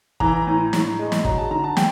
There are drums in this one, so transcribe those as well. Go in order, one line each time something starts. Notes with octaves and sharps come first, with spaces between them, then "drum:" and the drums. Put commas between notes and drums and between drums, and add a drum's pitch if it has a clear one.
E3 A#5, drum: kick
A2
A2, drum: snare
G#3
drum: snare
F#3 A#5, drum: kick
A5
D3 A#5
A5
G5, drum: snare